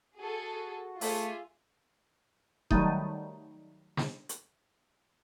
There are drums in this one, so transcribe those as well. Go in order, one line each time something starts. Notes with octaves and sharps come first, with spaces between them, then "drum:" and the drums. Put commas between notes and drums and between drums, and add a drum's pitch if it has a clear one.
F#4 G#4 A4
A3 F4 G#4 E5 G#5 D6, drum: open hi-hat
D#3 F#3 G3 A3 D#4, drum: kick D#1
drum: snare
drum: hi-hat